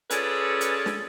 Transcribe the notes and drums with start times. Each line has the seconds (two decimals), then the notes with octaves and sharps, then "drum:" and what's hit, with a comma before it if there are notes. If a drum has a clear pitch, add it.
0.10 C#4 F4 G#4 A4 B4 D5, drum: hi-hat
0.61 drum: hi-hat
0.86 drum: snare